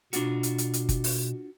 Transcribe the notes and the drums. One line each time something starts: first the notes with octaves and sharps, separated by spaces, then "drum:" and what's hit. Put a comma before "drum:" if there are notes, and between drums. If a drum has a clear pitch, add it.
B2 D4 F4 F#4, drum: hi-hat
drum: hi-hat
drum: hi-hat
drum: hi-hat
drum: kick, hi-hat
drum: open hi-hat